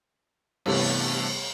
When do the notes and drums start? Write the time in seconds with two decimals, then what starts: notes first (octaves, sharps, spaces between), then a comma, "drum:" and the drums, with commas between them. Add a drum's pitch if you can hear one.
0.66 G2 C3 E3 A3 B3, drum: cymbal